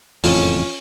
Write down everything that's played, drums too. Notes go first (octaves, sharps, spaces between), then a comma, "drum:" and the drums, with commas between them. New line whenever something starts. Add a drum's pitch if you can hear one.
F#1 F2 A2 E3 F3 C#4 F4, drum: open hi-hat